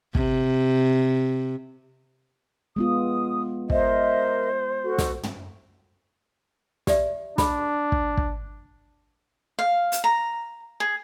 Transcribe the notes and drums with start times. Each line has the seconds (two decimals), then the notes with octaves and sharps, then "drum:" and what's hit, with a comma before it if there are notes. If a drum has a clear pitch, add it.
0.15 C3, drum: kick
2.76 G#3 B3 F4 D#6
3.70 A#4 C5 D#5 E5, drum: kick
4.83 F#4 A4
4.98 drum: snare
5.23 drum: tom
6.87 G4 D5 E5, drum: snare
7.38 D4 G#4 B5, drum: snare
7.92 drum: kick
8.17 drum: kick
9.59 F5
9.92 drum: hi-hat
10.04 A#5
10.80 G#4